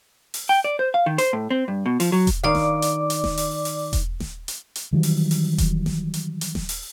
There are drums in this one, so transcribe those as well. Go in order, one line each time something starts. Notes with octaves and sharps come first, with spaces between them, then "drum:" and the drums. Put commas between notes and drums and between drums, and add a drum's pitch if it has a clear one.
drum: open hi-hat
G5
D5
C5
F5
D#3
C5, drum: hi-hat
A2
C4
G2
B2
F3, drum: open hi-hat
F#3
drum: kick E1, hi-hat
D#3 D5 F5 D6
drum: snare D#1
drum: hi-hat
drum: hi-hat
drum: snare D#1
drum: open hi-hat
drum: open hi-hat
drum: kick E1, hi-hat
drum: snare D#1
drum: hi-hat
drum: hi-hat
D#3 E3 F#3 G3
drum: open hi-hat
drum: open hi-hat
drum: kick E1, hi-hat
drum: snare D#1
drum: hi-hat
drum: hi-hat
drum: snare D#1
drum: open hi-hat